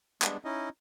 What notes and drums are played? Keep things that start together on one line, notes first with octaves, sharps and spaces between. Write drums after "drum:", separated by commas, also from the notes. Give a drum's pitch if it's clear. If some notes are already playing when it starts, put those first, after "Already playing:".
G3 G#3 B3 D4, drum: clap
C#4 D#4 E4 D#5